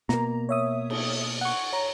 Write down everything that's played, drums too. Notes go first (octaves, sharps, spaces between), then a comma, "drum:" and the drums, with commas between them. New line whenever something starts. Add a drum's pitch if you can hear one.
B2 A#3 A#5, drum: snare
C#5 E5 D#6
drum: cymbal
F#5 C#6
C#5 A#5